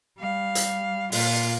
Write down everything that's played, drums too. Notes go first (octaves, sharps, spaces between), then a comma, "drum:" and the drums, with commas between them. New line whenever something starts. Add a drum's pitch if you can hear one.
G3 F5
drum: hi-hat
A#2 F4, drum: open hi-hat